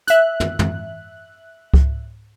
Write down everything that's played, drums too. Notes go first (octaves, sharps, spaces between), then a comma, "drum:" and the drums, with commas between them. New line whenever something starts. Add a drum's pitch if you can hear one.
E5 F#6, drum: hi-hat
drum: tom
drum: tom
drum: kick C#2